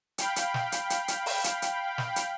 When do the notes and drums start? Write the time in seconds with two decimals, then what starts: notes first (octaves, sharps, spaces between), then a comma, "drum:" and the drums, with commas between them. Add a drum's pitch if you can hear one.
0.18 F5 G5 B5, drum: hi-hat
0.36 drum: hi-hat
0.54 drum: snare
0.72 drum: hi-hat
0.90 drum: hi-hat
1.08 drum: hi-hat
1.26 drum: open hi-hat
1.44 drum: hi-hat
1.62 drum: hi-hat
1.98 drum: snare
2.16 drum: hi-hat